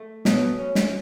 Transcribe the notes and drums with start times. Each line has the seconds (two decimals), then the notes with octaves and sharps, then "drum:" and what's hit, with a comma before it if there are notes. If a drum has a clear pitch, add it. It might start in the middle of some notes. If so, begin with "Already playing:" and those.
Already playing: A3
0.25 B2 F#3, drum: snare
0.58 C#4
0.75 drum: snare